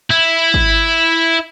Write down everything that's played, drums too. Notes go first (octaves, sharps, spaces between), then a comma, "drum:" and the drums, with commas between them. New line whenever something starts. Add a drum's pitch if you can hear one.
E4
drum: kick